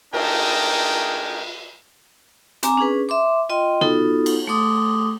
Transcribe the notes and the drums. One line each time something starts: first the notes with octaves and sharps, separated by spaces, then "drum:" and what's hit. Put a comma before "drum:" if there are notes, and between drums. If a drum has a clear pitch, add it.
A3 D4 D#4 G#4 A#4 G5, drum: cymbal
C4 G#5 A#5 D6, drum: hi-hat
C#4 D4 G#4 B4
E5 C6 D6
F4 D#5 G5 C6
B3 D#4 F4 F#4 A4, drum: tom
drum: cymbal
A3 A4 C6 D6 D#6